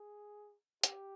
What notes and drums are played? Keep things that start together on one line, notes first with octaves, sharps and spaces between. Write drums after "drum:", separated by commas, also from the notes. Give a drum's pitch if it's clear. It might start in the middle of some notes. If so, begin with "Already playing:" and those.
Already playing: G#4
G4, drum: hi-hat